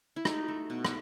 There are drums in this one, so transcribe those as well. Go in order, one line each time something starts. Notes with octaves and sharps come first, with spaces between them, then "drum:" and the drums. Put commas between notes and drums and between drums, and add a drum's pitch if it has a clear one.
E4
A3 D#4, drum: rim click
A3
B2
drum: rim click